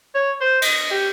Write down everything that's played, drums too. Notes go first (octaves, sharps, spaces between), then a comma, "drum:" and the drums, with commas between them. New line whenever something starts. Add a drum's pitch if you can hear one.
C#5
C5
D#5, drum: cymbal
G4